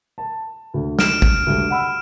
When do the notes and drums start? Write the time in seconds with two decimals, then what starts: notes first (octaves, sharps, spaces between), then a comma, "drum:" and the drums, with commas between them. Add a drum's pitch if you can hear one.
0.18 A5
0.74 D2
0.99 F6 D7 E7, drum: snare
1.22 drum: kick
1.46 D2 G2
1.70 F#5 B5 E6